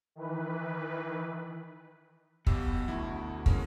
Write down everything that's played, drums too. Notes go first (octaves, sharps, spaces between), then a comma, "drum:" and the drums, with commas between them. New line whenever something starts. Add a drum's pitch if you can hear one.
D#3 E3 B4
B1 B2 G4 E6, drum: kick
D2 E4
G#3 A#3 C#4, drum: kick